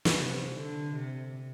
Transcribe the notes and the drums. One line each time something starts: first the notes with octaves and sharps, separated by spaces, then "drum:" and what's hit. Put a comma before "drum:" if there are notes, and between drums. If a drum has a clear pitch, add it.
drum: snare
C3
D3
C3